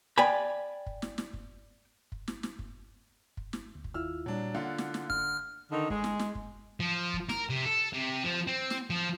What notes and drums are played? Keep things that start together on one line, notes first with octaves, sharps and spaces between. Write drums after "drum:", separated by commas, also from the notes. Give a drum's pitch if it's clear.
D5 G5 G#5 B5
drum: kick
drum: snare
drum: snare
drum: kick
drum: kick
drum: snare
drum: snare
drum: kick
drum: kick
drum: snare
D2
drum: kick
D#2 E4 F4 E6 F6
A#2 F#3 G3 D4
D3 A#3 F4 F#5
drum: snare
drum: snare
D3 F6, drum: kick
D3 D#3 D#4
G#3, drum: kick
drum: snare
drum: snare
drum: kick
F3
drum: kick
A#4, drum: snare
C3
A4
C3
F3
C4
drum: snare
F3